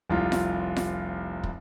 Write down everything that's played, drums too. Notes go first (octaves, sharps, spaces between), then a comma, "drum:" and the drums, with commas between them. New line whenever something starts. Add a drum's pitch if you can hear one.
F1 C2 F4
drum: snare F4
drum: snare F4
drum: kick